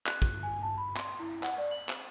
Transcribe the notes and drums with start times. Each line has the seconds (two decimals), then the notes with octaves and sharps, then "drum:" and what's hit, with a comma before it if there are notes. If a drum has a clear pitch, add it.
0.07 F#6, drum: clap
0.22 drum: kick
0.43 G#5
0.63 A5
0.78 B5
0.96 C6, drum: clap
1.20 E4
1.43 F#5, drum: clap
1.58 D5
1.71 F#7
1.89 drum: clap